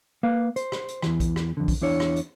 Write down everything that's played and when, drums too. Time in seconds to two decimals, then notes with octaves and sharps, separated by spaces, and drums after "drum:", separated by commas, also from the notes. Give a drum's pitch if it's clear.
0.23 A#3 B4 F5
0.56 C5, drum: hi-hat
0.72 drum: rim click
0.88 drum: hi-hat
1.02 E2 E3, drum: rim click
1.20 drum: kick A#1, hi-hat
1.36 drum: rim click
1.57 F2 D3
1.68 drum: kick A#1, open hi-hat
1.81 E2 D4 E4 C#5
2.00 drum: rim click
2.16 drum: hi-hat